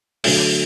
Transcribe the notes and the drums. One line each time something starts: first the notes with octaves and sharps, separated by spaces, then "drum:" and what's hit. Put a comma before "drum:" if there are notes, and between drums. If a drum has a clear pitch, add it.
D3 F#3 A3, drum: open hi-hat